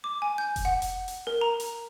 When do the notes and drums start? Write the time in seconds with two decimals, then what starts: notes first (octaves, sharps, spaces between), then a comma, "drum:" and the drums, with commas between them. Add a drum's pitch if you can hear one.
0.04 D6
0.22 G#5
0.38 G6
0.56 drum: kick F1, hi-hat
0.65 F#5
0.82 drum: hi-hat
1.08 drum: hi-hat
1.27 A#4
1.41 A#5
1.60 drum: hi-hat